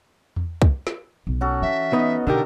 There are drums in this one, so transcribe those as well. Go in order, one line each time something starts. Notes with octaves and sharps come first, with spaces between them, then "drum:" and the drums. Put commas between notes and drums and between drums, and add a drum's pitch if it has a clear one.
drum: tom E2
drum: kick
drum: snare
B1
C#4 F#4 A4
E3 E5
B3 D#4 D#5
B2 D3 D#4 G4 A4 A#4